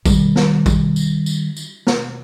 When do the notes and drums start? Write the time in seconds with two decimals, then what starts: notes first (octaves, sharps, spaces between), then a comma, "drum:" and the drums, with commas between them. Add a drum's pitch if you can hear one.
0.06 D#3 G3, drum: kick A1, tambourine
0.36 drum: snare
0.66 drum: kick A1, tambourine
0.96 drum: tambourine
1.26 drum: tambourine
1.56 drum: tambourine
1.87 drum: snare